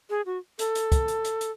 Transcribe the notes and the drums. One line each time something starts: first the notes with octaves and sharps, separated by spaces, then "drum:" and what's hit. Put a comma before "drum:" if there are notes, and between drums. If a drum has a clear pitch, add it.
G#4
F#4
A4, drum: hi-hat
drum: hi-hat
drum: kick, hi-hat
drum: hi-hat
drum: hi-hat
drum: hi-hat